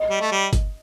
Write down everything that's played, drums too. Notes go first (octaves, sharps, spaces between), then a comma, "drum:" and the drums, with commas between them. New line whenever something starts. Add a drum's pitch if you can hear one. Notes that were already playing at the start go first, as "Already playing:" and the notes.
Already playing: D#5
G3
A3
G3
drum: kick, hi-hat